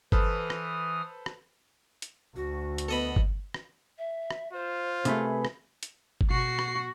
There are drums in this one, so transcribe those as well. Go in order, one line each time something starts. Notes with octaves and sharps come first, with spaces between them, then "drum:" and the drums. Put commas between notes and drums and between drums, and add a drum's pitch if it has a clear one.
E3 A4 B4 C5 D#6 F6, drum: kick G1
drum: rim click
drum: rim click
drum: hi-hat
D2 F#4
drum: hi-hat
B3 A4 D#5 B5
drum: kick G1
drum: rim click
E5
drum: rim click
F4 C5
C3 A3 G#4 B4, drum: hi-hat
drum: rim click
drum: hi-hat
drum: kick G1
B2 F#4 C#6 C7
drum: rim click